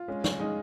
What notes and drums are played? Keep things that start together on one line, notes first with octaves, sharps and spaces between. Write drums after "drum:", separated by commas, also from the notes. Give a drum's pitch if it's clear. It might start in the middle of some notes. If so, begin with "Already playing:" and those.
Already playing: F4
G#3 C#4 G#4
drum: snare
G#3 C#4 D#4 G#4